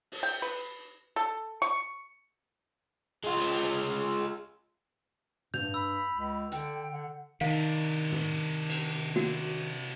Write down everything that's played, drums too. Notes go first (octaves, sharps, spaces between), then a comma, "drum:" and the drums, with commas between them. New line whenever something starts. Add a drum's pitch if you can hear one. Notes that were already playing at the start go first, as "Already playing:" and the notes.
drum: open hi-hat
G5
B4
A4
C#6
G#3 F4
drum: open hi-hat
G2 G6 F7, drum: tom
B5 E6
C#2
D3 G5, drum: hi-hat
D3 F#5
C3 D#3 D4 F5
drum: tom
drum: cymbal
F#4, drum: snare